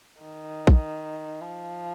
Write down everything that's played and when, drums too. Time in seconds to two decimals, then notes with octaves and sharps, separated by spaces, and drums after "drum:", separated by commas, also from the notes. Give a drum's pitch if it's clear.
0.21 D#3
0.67 drum: kick A#1
1.42 F3